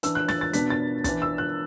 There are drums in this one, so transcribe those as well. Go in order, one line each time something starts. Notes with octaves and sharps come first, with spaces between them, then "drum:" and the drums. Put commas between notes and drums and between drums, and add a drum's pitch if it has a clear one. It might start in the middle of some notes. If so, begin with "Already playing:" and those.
E3 D4 E6, drum: hi-hat
F#6
A6, drum: snare
A6
B2 B3 D4 B6, drum: hi-hat
A6
E3 D4 A6, drum: kick, hi-hat
E6
F#6